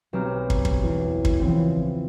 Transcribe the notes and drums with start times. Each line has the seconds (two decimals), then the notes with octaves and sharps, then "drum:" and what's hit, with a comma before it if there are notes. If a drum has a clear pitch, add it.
0.13 B1 C4 G4 A#5 F6
0.50 drum: kick
0.65 drum: kick
0.83 E2
1.25 drum: kick
1.40 C#3 E3 F3 C4